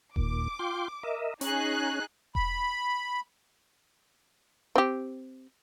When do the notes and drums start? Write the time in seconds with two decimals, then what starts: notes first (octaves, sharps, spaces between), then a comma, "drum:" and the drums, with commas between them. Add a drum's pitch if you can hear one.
0.16 D#2 A#2 D6, drum: kick E1
0.59 F4 G5 C6
1.03 A#4 D#5 E5
1.41 C#4 D#4 G#4 F#6, drum: hi-hat
2.35 B5, drum: kick E1
4.75 C4 G4